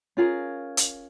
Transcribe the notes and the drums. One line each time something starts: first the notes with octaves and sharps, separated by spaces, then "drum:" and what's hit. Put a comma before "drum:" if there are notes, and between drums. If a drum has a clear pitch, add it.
C#4 F4 G#4 A#4
drum: hi-hat